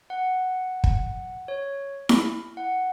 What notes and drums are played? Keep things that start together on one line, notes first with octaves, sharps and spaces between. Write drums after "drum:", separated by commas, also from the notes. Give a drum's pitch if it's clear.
F#5
drum: kick
C#5
E4, drum: snare E4
F#5